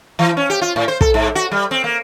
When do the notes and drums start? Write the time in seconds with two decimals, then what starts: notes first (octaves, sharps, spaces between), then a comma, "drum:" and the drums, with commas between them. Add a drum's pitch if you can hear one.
0.19 E3
0.37 C#4
0.50 G4
0.62 F4
0.76 A2
0.88 C5
1.01 A4, drum: kick
1.14 G#2
1.35 F#4
1.52 G3
1.71 C4
1.84 A#3